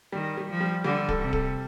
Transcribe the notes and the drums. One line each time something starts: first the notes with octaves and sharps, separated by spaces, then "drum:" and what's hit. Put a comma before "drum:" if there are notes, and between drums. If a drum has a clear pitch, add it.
D#3 G3
G3
F3
G3
D3 G3
A4, drum: kick D1
C3
A4, drum: kick D1